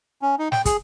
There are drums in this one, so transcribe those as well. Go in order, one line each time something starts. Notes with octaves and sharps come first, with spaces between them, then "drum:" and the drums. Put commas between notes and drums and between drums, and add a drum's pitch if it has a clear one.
C#4
D#4
G5, drum: snare
G#4, drum: kick, hi-hat